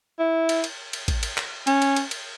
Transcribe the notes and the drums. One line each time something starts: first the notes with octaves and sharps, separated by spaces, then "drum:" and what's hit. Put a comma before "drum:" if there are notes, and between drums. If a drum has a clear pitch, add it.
E4
drum: cymbal
drum: cymbal
drum: cymbal
drum: kick, cymbal
drum: cymbal
drum: clap
C#4, drum: cymbal
drum: cymbal
drum: cymbal
drum: cymbal